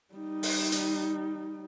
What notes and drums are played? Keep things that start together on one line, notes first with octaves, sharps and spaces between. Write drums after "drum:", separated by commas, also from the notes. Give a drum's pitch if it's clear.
G3 D#4
drum: open hi-hat
drum: hi-hat